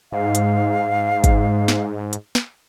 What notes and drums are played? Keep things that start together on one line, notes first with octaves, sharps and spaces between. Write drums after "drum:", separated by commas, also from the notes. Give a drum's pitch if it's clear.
G#2 F5
drum: hi-hat
drum: kick, hi-hat
drum: snare
drum: hi-hat
drum: snare